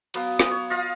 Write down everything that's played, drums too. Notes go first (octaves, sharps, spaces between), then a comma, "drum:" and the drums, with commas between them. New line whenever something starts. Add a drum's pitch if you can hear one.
F#3 B3 F5 D#6, drum: cymbal
drum: snare
C#5
F4 D#5 F5